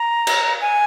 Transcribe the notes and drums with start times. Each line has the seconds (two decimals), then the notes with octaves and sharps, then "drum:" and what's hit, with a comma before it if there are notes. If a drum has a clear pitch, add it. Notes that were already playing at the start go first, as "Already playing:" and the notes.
Already playing: A#5
0.27 drum: cymbal
0.61 G#5